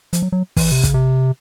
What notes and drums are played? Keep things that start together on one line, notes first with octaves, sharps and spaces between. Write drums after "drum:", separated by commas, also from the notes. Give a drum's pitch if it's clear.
F3, drum: hi-hat
F#3
F#3
E3, drum: kick, open hi-hat
C3
C#3, drum: kick, hi-hat
C3